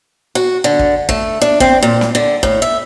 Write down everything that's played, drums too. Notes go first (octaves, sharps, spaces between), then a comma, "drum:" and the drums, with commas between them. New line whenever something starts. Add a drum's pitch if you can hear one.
F#4
D3
drum: kick
A3, drum: kick
D4
C4, drum: kick
A#2
drum: snare
D3
A2, drum: kick
E5